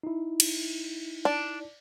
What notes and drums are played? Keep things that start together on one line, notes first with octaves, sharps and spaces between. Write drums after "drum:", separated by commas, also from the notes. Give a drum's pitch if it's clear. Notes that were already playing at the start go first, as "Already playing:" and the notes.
D#4 E4
drum: cymbal
D4